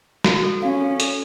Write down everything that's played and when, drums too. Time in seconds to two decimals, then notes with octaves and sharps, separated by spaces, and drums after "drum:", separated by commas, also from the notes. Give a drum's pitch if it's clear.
0.24 F#4, drum: snare
0.44 A4
0.62 C#4 F5
0.81 A4
1.00 A4, drum: hi-hat